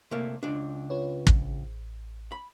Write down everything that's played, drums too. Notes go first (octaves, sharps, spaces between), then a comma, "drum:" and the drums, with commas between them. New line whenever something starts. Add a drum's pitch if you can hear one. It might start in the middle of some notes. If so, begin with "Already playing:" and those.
C3 A3 A#3
C#2 D4
F4 B4 C#5
drum: kick
A1
B5